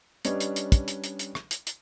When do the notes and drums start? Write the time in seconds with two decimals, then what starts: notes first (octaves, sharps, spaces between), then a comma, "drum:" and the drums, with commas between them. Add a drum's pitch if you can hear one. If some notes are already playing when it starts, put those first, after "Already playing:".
0.25 G3 C#4 D4 B4 C#5 D#5, drum: hi-hat
0.40 drum: hi-hat
0.56 drum: hi-hat
0.72 drum: kick, hi-hat
0.88 drum: hi-hat
1.04 drum: hi-hat
1.19 drum: hi-hat
1.35 drum: rim click
1.51 drum: hi-hat
1.67 drum: hi-hat